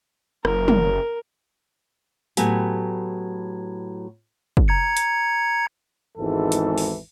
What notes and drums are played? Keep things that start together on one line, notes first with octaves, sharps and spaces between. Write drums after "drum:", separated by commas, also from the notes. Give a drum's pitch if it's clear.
F#1 A#4, drum: rim click
drum: tom
A2 F#3 B3 G4 G#5, drum: hi-hat
drum: kick
A#5 G#6 C#7
drum: hi-hat
G#1 E2 G#2 E3 A4
drum: hi-hat
drum: open hi-hat